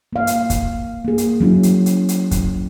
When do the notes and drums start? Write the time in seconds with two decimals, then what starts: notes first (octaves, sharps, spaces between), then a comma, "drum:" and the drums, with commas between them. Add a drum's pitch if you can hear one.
0.13 A#3 F5
0.27 drum: hi-hat
0.50 drum: kick, hi-hat
1.05 A#3 G#4
1.18 drum: hi-hat
1.40 F#3 C#4 E4
1.63 drum: hi-hat
1.86 drum: hi-hat
2.09 drum: hi-hat
2.31 drum: kick, hi-hat